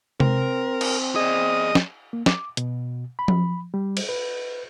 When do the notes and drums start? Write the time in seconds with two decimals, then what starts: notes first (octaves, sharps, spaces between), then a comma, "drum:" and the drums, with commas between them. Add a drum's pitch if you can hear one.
0.20 C4 A#4, drum: tom C3
0.81 drum: cymbal
1.16 G#4 D5 D#5
1.75 drum: snare
2.13 A#3
2.26 D6, drum: snare
2.57 B2, drum: hi-hat
3.19 B5
3.28 drum: tom F3
3.74 G3
3.97 drum: cymbal
4.09 B4